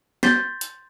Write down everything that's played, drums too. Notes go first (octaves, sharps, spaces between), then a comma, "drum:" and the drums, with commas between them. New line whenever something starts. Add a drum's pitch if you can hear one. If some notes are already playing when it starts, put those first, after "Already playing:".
C6 G6 A6 B6 C7, drum: snare
drum: hi-hat